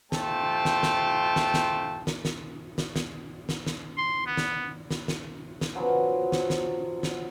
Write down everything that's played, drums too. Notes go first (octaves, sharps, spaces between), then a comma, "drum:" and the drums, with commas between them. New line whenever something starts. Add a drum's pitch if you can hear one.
A3 F4 G4 C5 G5 A5, drum: snare
drum: snare
drum: snare
drum: snare
drum: snare
drum: snare
drum: snare
drum: snare
drum: snare
drum: snare
drum: snare
C6
B3
drum: snare
drum: snare
drum: snare
drum: snare
F3 F#3 B3 C#4
drum: snare
drum: snare
drum: snare